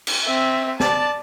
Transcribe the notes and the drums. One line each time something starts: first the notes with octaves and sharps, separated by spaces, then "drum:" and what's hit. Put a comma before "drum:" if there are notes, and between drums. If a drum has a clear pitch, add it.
drum: cymbal
C4 E5
D5 A5, drum: snare